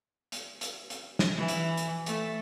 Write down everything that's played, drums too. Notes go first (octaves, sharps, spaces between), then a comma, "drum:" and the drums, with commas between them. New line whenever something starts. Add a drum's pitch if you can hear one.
drum: hi-hat
drum: hi-hat
drum: hi-hat
drum: snare
E3
drum: hi-hat
drum: hi-hat
A3, drum: hi-hat